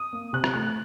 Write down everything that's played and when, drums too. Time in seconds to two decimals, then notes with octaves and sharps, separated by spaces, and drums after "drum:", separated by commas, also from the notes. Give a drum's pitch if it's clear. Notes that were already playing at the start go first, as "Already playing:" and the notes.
Already playing: D#6
0.13 A#3
0.33 C3 F#6
0.44 drum: rim click
0.54 A3 F#6